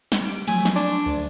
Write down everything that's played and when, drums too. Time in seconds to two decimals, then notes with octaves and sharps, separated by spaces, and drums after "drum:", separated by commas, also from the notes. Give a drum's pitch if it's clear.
0.12 drum: snare
0.21 G3 D7
0.47 F3 F#3 A3 G#5, drum: cymbal
0.65 drum: snare
0.76 D4 C6
1.06 D2